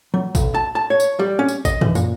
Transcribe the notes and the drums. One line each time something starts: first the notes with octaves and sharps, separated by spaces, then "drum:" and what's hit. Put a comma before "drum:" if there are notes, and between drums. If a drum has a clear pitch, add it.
F#3
B1, drum: kick A1, tambourine
A5
A5
C#5
drum: tambourine
G3
C#4
drum: tambourine
D#5, drum: kick A1, tambourine
E3, drum: tom
A#2, drum: tambourine